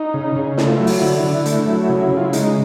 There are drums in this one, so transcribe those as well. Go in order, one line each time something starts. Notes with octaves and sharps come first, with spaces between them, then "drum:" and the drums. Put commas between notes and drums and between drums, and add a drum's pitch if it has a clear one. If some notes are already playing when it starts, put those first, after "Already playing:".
Already playing: D#4
C#3
C#3
A3 E4, drum: snare
F4
F#3 E4
drum: open hi-hat
D3
D3
A3, drum: hi-hat
F#3
C#3
C#3
F4
E4
G#3 D#4, drum: hi-hat